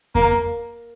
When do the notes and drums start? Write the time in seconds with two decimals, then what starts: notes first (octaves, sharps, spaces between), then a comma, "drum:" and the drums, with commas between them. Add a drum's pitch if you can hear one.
0.15 A#3, drum: kick F2